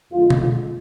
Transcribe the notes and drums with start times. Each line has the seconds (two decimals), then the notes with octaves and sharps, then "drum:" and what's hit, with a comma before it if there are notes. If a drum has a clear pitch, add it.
0.12 F2 D3 G#3 F4
0.30 drum: tom B2